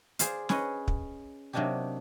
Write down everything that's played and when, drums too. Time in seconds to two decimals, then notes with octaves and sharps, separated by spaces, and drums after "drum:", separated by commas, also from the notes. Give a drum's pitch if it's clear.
0.19 G#4 C5 D5 F5, drum: hi-hat
0.49 C#4 G#4 B4 C#5 D#5, drum: snare
0.88 drum: kick
1.53 C3 F#3 A#3 D4 D#4 G4